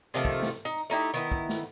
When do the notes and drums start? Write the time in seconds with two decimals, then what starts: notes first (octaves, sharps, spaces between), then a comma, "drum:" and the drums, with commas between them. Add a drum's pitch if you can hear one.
0.14 C3 D#3 F3 A3
0.25 drum: kick
0.43 drum: snare
0.65 D#4
0.78 drum: tambourine
0.90 A3 D#4 E4 G4
1.14 D#3 B3 E4, drum: tambourine
1.31 drum: kick
1.49 drum: snare